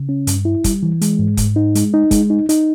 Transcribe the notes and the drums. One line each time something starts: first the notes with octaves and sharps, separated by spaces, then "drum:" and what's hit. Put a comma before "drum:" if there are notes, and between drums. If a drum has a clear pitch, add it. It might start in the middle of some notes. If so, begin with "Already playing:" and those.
Already playing: C#3
C#4
G2, drum: hi-hat
E4
G3, drum: kick, hi-hat
E3
G#3, drum: hi-hat
G#2
G#2, drum: kick, hi-hat
D#4
G#3, drum: hi-hat
D#4
G#3, drum: kick, hi-hat
D#4
D#4, drum: hi-hat